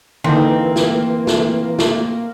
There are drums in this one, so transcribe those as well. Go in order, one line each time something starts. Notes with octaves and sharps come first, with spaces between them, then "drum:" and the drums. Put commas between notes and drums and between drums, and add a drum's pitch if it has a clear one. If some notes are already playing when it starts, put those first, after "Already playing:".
D3 E3 A#3 C4 D#4
drum: snare
drum: snare
drum: snare